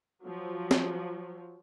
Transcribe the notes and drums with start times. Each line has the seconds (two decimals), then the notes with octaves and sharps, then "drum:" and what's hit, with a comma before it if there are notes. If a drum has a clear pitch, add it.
0.23 F3 F#3
0.71 drum: snare